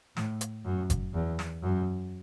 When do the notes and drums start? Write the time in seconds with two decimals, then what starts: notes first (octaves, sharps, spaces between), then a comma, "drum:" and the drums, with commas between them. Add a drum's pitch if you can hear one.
0.17 A2, drum: snare
0.41 drum: hi-hat
0.65 F#2
0.90 drum: kick F#1, hi-hat
1.14 E2
1.39 drum: snare
1.63 F#2